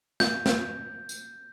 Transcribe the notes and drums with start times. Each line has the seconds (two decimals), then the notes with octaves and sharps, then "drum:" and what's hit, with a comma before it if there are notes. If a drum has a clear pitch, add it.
0.20 G6, drum: snare
0.46 drum: snare
1.09 drum: tambourine